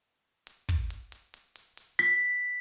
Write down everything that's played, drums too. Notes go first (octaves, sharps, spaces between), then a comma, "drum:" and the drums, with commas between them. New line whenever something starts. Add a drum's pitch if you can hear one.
drum: hi-hat
drum: kick, hi-hat
drum: hi-hat
drum: hi-hat
drum: hi-hat
drum: open hi-hat
drum: open hi-hat
B6